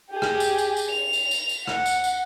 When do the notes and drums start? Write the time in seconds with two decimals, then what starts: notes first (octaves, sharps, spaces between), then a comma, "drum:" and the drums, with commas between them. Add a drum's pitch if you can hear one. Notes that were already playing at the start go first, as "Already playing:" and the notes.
0.10 G4 G#4
0.22 drum: rim click
0.40 drum: tambourine
0.58 drum: tambourine
0.77 drum: tambourine
0.90 F7
1.13 drum: tambourine
1.31 drum: tambourine
1.49 drum: tambourine
1.67 F#5, drum: rim click
1.86 drum: tambourine
2.04 drum: tambourine